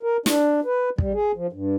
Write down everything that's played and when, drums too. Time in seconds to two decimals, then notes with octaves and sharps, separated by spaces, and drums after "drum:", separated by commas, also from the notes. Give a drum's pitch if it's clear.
0.03 A#4
0.26 D4, drum: snare
0.65 B4
0.98 G3, drum: kick
1.14 G#4
1.36 F3
1.53 G2